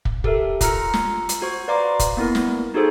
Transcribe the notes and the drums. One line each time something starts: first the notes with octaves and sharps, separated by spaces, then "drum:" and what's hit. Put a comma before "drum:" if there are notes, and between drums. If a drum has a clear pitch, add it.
drum: kick
G4 A4 A#4 E5, drum: kick
F4 A#5 E6 F6 C#7, drum: kick, hi-hat
drum: snare
drum: hi-hat
F#4 C5 C#6
B4 D5 F5 A#5 C6 D6
drum: kick, hi-hat
A#3 B3 E4 A#4
drum: snare
D#4 F#4 G#4 A4 C5